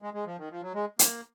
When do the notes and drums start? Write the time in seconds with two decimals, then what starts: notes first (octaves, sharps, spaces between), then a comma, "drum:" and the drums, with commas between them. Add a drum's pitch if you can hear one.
0.02 G#3
0.14 G#3
0.26 F3
0.38 D#3
0.51 F3
0.62 F#3
0.74 G#3
0.99 A#3, drum: hi-hat